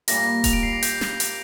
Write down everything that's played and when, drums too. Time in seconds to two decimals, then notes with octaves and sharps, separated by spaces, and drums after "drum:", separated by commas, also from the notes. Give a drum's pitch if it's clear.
0.08 A#2 G3 A#3 G4 A#6, drum: hi-hat
0.44 F7, drum: kick D#1, hi-hat
0.53 D7
0.63 C7
0.73 A#6
0.83 G6, drum: hi-hat
1.01 drum: snare
1.20 drum: hi-hat